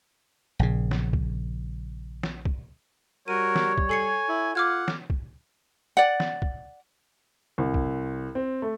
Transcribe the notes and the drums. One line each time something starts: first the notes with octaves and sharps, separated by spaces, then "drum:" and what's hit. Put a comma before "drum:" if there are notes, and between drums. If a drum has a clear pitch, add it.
A#1 C#3
drum: snare
drum: kick
drum: snare
drum: kick
G3 F#4 A#4 C#5 D#7
drum: snare
drum: kick
A4 G#5 C7 C#7
E4
F4 F#5 D6 F6 G#6
drum: snare
drum: kick
D5 F#5
drum: snare
drum: kick
C2
drum: kick
C4
A3